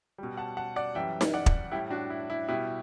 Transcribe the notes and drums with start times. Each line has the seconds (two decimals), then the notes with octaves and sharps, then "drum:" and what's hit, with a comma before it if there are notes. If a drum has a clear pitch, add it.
0.18 B2 G3
0.37 F#5 A5
0.57 F#5 A5
0.76 D5 F#5
0.95 F#2 E3 G3 E5 G5
1.21 drum: snare D#4
1.34 D5 F#5
1.46 drum: kick
1.72 A2 G3 E4 G4
1.91 D4 F#4
2.10 E4
2.30 E4
2.48 B2 G3 E4 G4